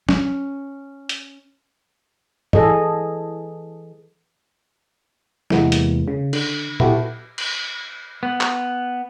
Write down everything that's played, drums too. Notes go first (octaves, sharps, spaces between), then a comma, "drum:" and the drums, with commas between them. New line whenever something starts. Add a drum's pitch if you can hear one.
C#4, drum: snare
drum: hi-hat
E3 G#4 A4 D#5, drum: tom G2
E2 C3 E3 G#3 A#3 B3, drum: snare
drum: hi-hat
C#3
D3, drum: cymbal
B3 E4 F#4 G4 A4, drum: tom A#2
drum: cymbal
B3
drum: clap